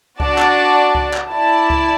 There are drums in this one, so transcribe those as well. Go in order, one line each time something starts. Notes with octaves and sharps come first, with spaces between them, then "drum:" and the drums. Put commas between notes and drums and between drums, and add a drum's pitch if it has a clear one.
D4 F#4 D5 A5, drum: kick C#2
drum: clap
drum: kick C#2
drum: clap
E4 D5 A5
drum: kick C#2